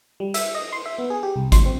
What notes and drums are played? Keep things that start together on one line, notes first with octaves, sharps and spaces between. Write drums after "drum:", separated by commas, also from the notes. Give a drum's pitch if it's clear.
G3
E5, drum: hi-hat
D#5
C6
E5
B3
G#4
G4
C2
C6, drum: kick G#1, hi-hat
C4